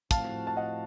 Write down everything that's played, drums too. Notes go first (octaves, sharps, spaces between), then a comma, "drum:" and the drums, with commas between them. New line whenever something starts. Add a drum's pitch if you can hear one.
A2 F3 C4 F#4 F5 A5, drum: kick, hi-hat
A5
D#5 F#5